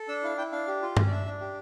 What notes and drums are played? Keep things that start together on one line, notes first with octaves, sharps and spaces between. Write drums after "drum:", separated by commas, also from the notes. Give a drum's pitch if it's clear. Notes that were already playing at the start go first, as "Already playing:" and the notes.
Already playing: A4
D4 E6
E4 F5
E4 G5
D4 F5
G4
F4
C#4, drum: tom G2
D5
D4 E5
D4
G4